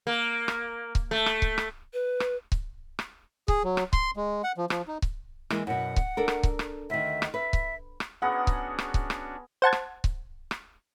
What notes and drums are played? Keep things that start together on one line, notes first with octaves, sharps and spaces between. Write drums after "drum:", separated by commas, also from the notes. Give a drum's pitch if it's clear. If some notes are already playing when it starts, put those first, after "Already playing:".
A#3
drum: rim click
drum: kick C#1
A3
drum: rim click
drum: kick C#1
drum: rim click
B4
drum: rim click
drum: kick C#1
drum: rim click
G#4, drum: kick C#1
F#3
drum: rim click
C6, drum: kick C#1
G#3
F#5
F3
F3, drum: rim click
D#4
drum: kick C#1
E3 G#3 A#3, drum: rim click
F#2 B2 F#5
drum: kick C#1
D4 A4 A#4
drum: rim click
drum: kick C#1
drum: rim click
D2 D#3 E5
drum: rim click
B4 E5
drum: kick C#1
drum: rim click
B3 C#4 D4 F#4 G#4 A#4 F#5
drum: kick C#1
drum: rim click
drum: kick C#1
drum: rim click
C5 F#5 A5 G#6
drum: rim click
drum: kick C#1
drum: rim click